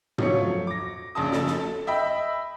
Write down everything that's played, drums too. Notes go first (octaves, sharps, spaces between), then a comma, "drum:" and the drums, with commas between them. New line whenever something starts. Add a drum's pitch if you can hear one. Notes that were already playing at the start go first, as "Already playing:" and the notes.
F3 F#3 A3 C#5 C#7, drum: tom
D6 A#6
A#1 C#3 A5 D#6
A4 A5, drum: snare
drum: snare
D#5 E5 G5 B5